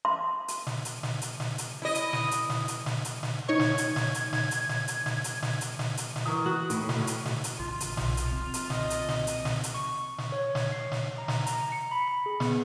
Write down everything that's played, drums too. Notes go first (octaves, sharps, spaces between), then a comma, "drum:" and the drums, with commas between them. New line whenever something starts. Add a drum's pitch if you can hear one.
C6
drum: hi-hat
drum: snare
drum: hi-hat
drum: snare
drum: hi-hat
drum: snare
drum: hi-hat
E4 D#5
drum: hi-hat
drum: snare
drum: hi-hat
drum: snare
drum: hi-hat
drum: snare
drum: hi-hat
drum: snare
D#4 C#5 C#6 G#6
drum: snare
drum: hi-hat
drum: snare
drum: hi-hat
drum: snare
drum: hi-hat
drum: snare
drum: hi-hat
drum: snare
drum: hi-hat
drum: snare
drum: hi-hat
drum: snare
drum: hi-hat
drum: snare
E3 A#4 C#6 D#6
F#4
A2, drum: hi-hat
drum: snare
drum: hi-hat
drum: snare
drum: hi-hat
A1 C#3 F4
drum: hi-hat
B1, drum: snare
drum: hi-hat
F3 C4
drum: hi-hat
C2 D#5, drum: snare
drum: hi-hat
drum: snare
drum: hi-hat
drum: snare
drum: hi-hat
C#6
drum: snare
C#5
drum: snare
C7
drum: snare
A#5
drum: snare
A#5, drum: hi-hat
C#7
B5
B5
G#4
B3, drum: snare